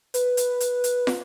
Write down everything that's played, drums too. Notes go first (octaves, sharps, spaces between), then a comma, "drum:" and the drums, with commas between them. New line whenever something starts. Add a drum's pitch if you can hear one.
B4, drum: hi-hat
drum: hi-hat
drum: hi-hat
drum: hi-hat
drum: snare